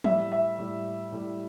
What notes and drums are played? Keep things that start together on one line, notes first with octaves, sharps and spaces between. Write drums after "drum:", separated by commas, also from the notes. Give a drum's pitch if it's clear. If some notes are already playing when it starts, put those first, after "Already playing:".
A2 G3 E5, drum: tom
E5
A2 G3
A2 G3